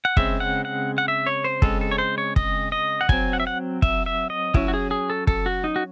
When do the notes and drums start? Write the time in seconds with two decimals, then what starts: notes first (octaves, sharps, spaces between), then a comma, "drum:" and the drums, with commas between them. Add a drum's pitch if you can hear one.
0.05 F#5
0.17 C#3 G#3 C4 E5, drum: kick
0.40 F#5
0.65 F#5
0.98 F#5
1.08 E5
1.26 C#5
1.44 C5
1.62 C#3 G#3 C4 A4, drum: kick
1.81 A4
1.91 C#5
1.98 C5
2.18 C#5
2.36 D#5, drum: kick
2.72 D#5
3.01 F#5
3.09 F#3 C4 G#5, drum: kick
3.33 F#5
3.40 E5
3.47 F#5
3.82 E5, drum: kick
4.06 E5
4.30 D#5
4.54 F#3 C#4 E4, drum: kick
4.68 F#4
4.74 G#4
4.91 G#4
5.10 A4
5.27 A4, drum: kick
5.46 F#4
5.64 D#4
5.76 F#4